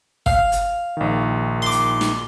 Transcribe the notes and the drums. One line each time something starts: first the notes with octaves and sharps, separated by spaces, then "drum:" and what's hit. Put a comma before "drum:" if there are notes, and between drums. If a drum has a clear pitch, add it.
F5, drum: kick
drum: hi-hat
A#1 D#3
C6 D6
drum: hi-hat
drum: snare